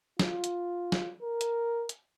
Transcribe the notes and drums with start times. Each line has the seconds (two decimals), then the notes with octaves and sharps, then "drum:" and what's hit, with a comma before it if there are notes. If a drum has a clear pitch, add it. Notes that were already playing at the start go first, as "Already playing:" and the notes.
0.19 F4, drum: snare
0.44 drum: hi-hat
0.92 drum: snare
1.23 A#4
1.41 drum: hi-hat
1.89 drum: hi-hat